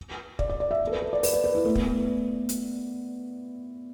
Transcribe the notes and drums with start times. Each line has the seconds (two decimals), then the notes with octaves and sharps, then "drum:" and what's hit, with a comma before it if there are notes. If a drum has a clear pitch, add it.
0.39 D5, drum: kick
0.50 D5
0.60 D5
0.71 E5
0.87 A4
0.92 B4
1.02 A4
1.13 D5
1.23 B4, drum: open hi-hat
1.33 D5
1.44 B4
1.55 E4
1.65 A3
1.75 B3, drum: kick
1.86 A3
2.49 drum: hi-hat